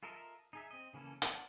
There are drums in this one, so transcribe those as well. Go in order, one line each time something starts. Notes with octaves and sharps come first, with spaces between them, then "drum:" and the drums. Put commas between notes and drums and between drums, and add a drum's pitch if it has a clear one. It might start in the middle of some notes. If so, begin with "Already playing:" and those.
F4 A4 A#4 D#5 E5
D#4 G#4 E5
C4 D#5
C#3 E3 A#3 C#4 A4
C#5 D5 F5 F#5 A5, drum: hi-hat